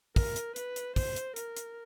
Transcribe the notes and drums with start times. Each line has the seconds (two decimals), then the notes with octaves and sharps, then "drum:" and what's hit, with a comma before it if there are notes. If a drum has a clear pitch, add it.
0.16 A#4, drum: kick, open hi-hat
0.36 drum: hi-hat
0.56 B4, drum: hi-hat
0.76 drum: hi-hat
0.96 C5, drum: kick, open hi-hat
1.16 drum: hi-hat
1.36 A#4, drum: hi-hat
1.57 drum: hi-hat